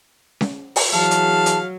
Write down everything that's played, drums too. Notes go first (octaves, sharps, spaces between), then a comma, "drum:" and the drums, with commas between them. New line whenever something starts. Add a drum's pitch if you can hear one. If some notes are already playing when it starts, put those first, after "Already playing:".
drum: snare C#4
drum: open hi-hat
E3 F#3 G#4 F5 A5
drum: hi-hat
drum: hi-hat